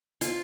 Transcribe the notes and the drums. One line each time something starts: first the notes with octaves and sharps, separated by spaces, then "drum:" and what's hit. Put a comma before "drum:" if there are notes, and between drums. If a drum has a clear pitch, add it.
F4, drum: hi-hat